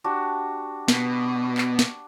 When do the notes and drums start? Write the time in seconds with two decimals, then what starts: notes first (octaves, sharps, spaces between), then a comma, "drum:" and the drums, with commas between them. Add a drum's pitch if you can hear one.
0.04 D4 F#4 G4
0.88 B2, drum: snare
1.58 drum: clap
1.79 drum: snare